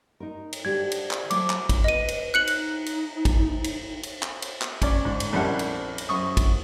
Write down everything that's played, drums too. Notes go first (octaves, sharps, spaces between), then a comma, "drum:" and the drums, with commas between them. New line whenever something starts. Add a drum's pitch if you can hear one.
D#4 A#4
drum: cymbal
D3 D4 G4 G#6
drum: cymbal
drum: clap
F#3 A3 A4 D6, drum: cymbal
drum: clap
drum: kick, cymbal
B4 D#5 D#7
drum: cymbal
D#4 F#6 C#7 F#7
drum: cymbal
drum: cymbal
drum: kick, cymbal
drum: cymbal
drum: cymbal
drum: clap
drum: cymbal
drum: clap
C#4 D5, drum: kick, cymbal
G#2
drum: cymbal
A#1 F2 G3 C#4 E4 F#5
drum: cymbal
drum: cymbal
F#2 C#6 D#6
drum: kick, cymbal